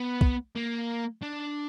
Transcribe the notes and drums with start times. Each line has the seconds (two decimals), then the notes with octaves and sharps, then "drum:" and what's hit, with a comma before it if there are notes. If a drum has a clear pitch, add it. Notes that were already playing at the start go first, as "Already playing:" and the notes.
Already playing: B3
0.21 drum: kick
0.55 A#3
1.23 D4